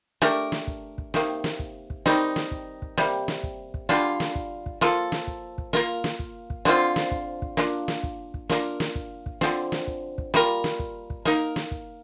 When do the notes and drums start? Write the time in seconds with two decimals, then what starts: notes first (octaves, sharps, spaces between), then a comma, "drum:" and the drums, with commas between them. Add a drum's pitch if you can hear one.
0.22 A3 D4 G4 A#4, drum: snare
0.52 drum: snare
0.67 drum: kick
0.98 drum: kick
1.14 C3 D#3 A#3, drum: snare
1.44 drum: snare
1.59 drum: kick
1.90 drum: kick
2.06 D#3 G3 C4 D#4, drum: snare
2.36 drum: snare
2.51 drum: kick
2.82 drum: kick
2.98 C3 G3 A#3, drum: snare
3.28 drum: snare
3.43 drum: kick
3.74 drum: kick
3.89 D3 G3 D4 F4, drum: snare
4.20 drum: snare
4.35 drum: kick
4.66 drum: kick
4.81 F3 A#3 F4 A4, drum: snare
5.12 drum: snare
5.27 drum: kick
5.58 drum: kick
5.73 A#3 F4 A#4, drum: snare
6.04 drum: snare
6.19 drum: kick
6.50 drum: kick
6.65 D3 F3 C4 F4, drum: snare
6.96 drum: snare
7.11 drum: kick
7.42 drum: kick
7.57 A#3 D4 F4, drum: snare
7.88 drum: snare
8.03 drum: kick
8.34 drum: kick
8.49 A#3 D4 F4 A#4, drum: snare
8.80 drum: snare
8.95 drum: kick
9.26 drum: kick
9.41 D3 F3 C4, drum: snare
9.72 drum: snare
9.87 drum: kick
10.18 drum: kick
10.34 G3 A#3 F4 A#4, drum: snare
10.64 drum: snare
10.79 drum: kick
11.10 drum: kick
11.25 A#3 D#4 A#4, drum: snare
11.56 drum: snare
11.71 drum: kick